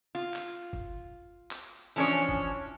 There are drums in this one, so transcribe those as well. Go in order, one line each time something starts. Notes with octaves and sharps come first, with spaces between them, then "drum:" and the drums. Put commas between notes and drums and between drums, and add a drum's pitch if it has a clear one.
F4
drum: clap
drum: kick G1
drum: clap
E3 F3 C#4 D4 C#5
drum: kick G1